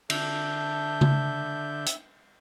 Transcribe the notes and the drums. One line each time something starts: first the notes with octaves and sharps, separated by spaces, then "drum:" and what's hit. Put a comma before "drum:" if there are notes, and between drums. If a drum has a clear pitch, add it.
D3 E5 A5 G6, drum: cymbal
drum: tom C#3
drum: hi-hat